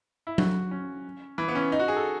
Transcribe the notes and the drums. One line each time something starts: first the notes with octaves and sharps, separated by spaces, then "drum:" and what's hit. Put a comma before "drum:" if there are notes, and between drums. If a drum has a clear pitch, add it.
E4
F#4, drum: tom F#3
C#4
E3
B3
C#4
D#4
F#4
G#4
A4